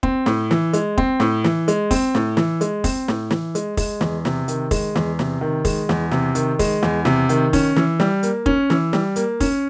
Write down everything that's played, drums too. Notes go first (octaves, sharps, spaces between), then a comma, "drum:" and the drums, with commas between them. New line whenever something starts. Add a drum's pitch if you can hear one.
C4, drum: kick
A2, drum: snare
E3, drum: snare
G#3, drum: hi-hat
C4, drum: kick
A2, drum: snare
E3, drum: snare
G#3, drum: hi-hat
C4, drum: kick, open hi-hat
A2, drum: snare
E3, drum: snare
G#3, drum: hi-hat
C4, drum: kick, open hi-hat
A2, drum: snare
E3, drum: snare
G#3, drum: hi-hat
G#3, drum: kick, open hi-hat
E2, drum: snare
C3, drum: snare
D#3, drum: hi-hat
G#3, drum: kick, open hi-hat
E2, drum: snare
C3, drum: snare
D#3
G#3, drum: kick, open hi-hat
E2, drum: snare
C3, drum: snare
D#3, drum: hi-hat
G#3, drum: kick, open hi-hat
E2, drum: snare
C3, drum: snare
D#3, drum: hi-hat
C#4, drum: kick, open hi-hat
E3, drum: snare
G3, drum: snare
A#3, drum: hi-hat
C#4, drum: kick
E3, drum: snare
G3, drum: snare
A#3, drum: hi-hat
C#4, drum: kick, open hi-hat